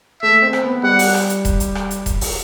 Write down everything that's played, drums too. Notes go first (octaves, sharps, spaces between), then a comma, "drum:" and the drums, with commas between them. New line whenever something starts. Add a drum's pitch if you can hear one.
A3 E5
C4
drum: rim click
B3
G3 F#5
drum: open hi-hat
drum: rim click
drum: hi-hat
drum: kick E1, hi-hat
drum: hi-hat
drum: rim click
drum: hi-hat
drum: kick E1, hi-hat
drum: open hi-hat